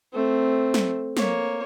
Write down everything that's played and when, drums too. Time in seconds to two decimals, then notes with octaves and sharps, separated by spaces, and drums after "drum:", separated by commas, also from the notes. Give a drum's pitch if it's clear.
0.13 A3 C4
0.74 drum: snare
1.17 A#3 C#5, drum: snare